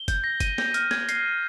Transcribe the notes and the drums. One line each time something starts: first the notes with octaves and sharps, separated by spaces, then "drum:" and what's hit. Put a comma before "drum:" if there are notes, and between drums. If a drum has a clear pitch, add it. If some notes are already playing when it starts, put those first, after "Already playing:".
Already playing: G7
G6, drum: kick F#1, hi-hat
A#6
D#7, drum: kick F#1, hi-hat
G6, drum: snare
F6, drum: hi-hat
G#6, drum: snare
C7, drum: hi-hat
D#7